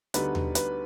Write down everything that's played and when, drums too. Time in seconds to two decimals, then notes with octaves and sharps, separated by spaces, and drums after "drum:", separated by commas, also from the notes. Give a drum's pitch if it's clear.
0.14 D2 D3 G3 B3 D#4 B4, drum: hi-hat
0.35 drum: tom D#2
0.55 B4, drum: hi-hat